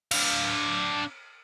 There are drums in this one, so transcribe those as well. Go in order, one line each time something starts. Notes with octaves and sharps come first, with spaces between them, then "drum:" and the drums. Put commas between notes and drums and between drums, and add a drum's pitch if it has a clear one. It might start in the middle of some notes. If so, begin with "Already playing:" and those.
D4 F5, drum: cymbal